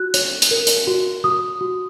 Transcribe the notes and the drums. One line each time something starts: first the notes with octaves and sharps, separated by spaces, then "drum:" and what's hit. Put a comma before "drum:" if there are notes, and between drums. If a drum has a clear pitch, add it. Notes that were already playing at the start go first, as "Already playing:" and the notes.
Already playing: F#4 F#6
C#5, drum: hi-hat
drum: hi-hat
A#4
drum: hi-hat
F#4
F#4 D#6
F#4